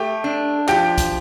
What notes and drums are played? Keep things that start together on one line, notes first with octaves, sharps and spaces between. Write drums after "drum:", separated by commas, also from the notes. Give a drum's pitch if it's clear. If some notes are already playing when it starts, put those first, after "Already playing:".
Already playing: A3 G4 G5
D4
F3 G4 G5, drum: clap
drum: kick, hi-hat